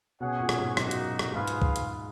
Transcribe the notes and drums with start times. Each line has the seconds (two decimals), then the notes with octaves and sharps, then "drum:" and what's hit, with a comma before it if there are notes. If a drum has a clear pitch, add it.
0.20 B2 C#4 G#4 C#5 F#5
0.40 A#2
0.49 drum: rim click
0.59 G#2
0.77 F#2 A#3 D#4 F#4, drum: rim click
0.91 drum: hi-hat
1.19 drum: rim click
1.33 G#2 F4 G#4 B4 F5
1.48 drum: hi-hat
1.62 drum: kick C2
1.76 drum: hi-hat